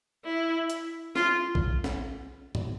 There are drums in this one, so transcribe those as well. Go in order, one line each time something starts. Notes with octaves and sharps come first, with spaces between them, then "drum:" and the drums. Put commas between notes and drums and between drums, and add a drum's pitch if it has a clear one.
E4
drum: hi-hat
F4, drum: snare
drum: kick A1
drum: snare
drum: tom